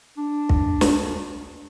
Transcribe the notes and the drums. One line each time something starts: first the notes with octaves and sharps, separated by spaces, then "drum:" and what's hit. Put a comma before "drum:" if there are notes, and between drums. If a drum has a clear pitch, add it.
D4
drum: kick
drum: snare